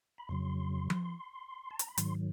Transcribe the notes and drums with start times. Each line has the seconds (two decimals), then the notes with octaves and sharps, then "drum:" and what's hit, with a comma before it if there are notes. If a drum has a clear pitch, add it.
0.18 B5
0.29 F2 C#3 F#3 C6
0.90 drum: tom F3
1.71 A5
1.79 A#5, drum: hi-hat
1.88 B5
1.98 G#2 D#3 F#3 C6, drum: hi-hat